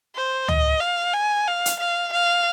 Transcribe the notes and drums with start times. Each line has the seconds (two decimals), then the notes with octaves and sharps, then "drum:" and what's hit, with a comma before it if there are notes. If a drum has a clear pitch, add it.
0.15 C5
0.48 D#5, drum: tom
0.81 F5
1.14 G#5
1.47 F5
1.66 drum: hi-hat
1.80 F5
2.13 F5